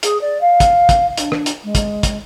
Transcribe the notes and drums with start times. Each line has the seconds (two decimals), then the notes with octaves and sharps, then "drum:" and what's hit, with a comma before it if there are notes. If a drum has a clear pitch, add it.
0.03 G#4, drum: hi-hat
0.21 D5
0.41 F5
0.60 drum: kick, hi-hat
0.89 drum: kick, hi-hat
1.18 D4, drum: hi-hat
1.32 drum: rim click
1.46 drum: hi-hat
1.63 G#3
1.75 drum: kick, hi-hat
2.03 drum: kick, hi-hat